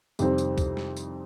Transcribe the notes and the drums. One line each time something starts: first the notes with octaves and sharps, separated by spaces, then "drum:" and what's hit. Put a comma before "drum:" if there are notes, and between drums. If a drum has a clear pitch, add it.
F2 C3 D#3 G3 C4, drum: tambourine
drum: tambourine
drum: kick C#2, tambourine
drum: snare
drum: tambourine